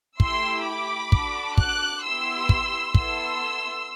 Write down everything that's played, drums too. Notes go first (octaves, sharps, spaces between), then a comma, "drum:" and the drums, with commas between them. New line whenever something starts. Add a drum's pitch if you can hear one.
A3 E4 G4 C6 E6, drum: kick
B5 D6
D4 F#4 A4, drum: kick
D6 F#6, drum: kick
B3 E4 G4 C6 E6
drum: kick
B3 E4 A4 C6 E6, drum: kick